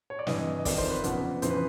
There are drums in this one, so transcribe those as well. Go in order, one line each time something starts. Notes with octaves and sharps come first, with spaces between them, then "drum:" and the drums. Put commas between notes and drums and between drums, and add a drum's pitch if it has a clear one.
C#5
D5
G2 E3 D#5, drum: snare
D#5
F2 C3 D#3 D5, drum: kick, open hi-hat
C5
B4
E2 C#3 F3 B4, drum: hi-hat
F2 C#3 E3 C5, drum: hi-hat
B4